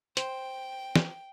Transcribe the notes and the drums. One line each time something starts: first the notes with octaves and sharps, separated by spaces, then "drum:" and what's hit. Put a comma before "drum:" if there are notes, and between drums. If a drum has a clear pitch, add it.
C5 G5, drum: hi-hat
drum: snare